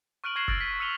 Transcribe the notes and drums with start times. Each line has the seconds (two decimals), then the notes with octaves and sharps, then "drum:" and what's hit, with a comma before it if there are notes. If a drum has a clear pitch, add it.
0.24 C#6 F6 F#6 D7 D#7 F#7
0.36 C#6 G#6 A#6 C7 E7 F#7
0.48 E6 F6 A6 A#6 D7, drum: kick F1
0.60 B6
0.80 E6 C#7 D#7 F7 G7